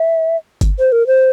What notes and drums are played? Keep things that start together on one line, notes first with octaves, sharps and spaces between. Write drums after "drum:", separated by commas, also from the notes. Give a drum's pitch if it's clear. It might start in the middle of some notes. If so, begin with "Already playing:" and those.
Already playing: E5
drum: kick G1, hi-hat
C5
A#4
C5